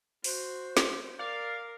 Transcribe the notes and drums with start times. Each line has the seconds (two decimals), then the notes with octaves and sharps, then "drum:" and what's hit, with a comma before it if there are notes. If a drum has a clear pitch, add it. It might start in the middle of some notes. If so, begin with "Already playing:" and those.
0.24 F#4 C5, drum: open hi-hat
0.77 drum: snare
1.19 A#4 D5 F5